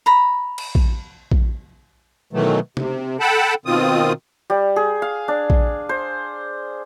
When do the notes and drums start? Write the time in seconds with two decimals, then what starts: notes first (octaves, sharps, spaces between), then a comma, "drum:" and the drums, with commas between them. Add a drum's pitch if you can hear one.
0.06 A#5 B5
0.58 drum: cymbal
0.75 drum: kick A#1
1.32 drum: kick A#1
2.33 B2 D#3 E3 F#3 A3
2.77 C3, drum: tom C3
3.20 A4 F#5 G5 A5 B5
3.66 B2 D#3 C4 F4 D#6
4.50 G3
4.76 G#4
5.02 F5
5.28 D4
5.50 drum: kick A#1
5.89 C5